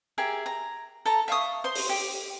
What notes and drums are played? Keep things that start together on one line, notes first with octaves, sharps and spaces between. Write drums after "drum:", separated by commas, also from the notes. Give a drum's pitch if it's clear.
G4 G#4 A#4 E5
A#5
A4 A5 A#5
E5 F5 C#6 D#6
C5 C6
drum: open hi-hat
G4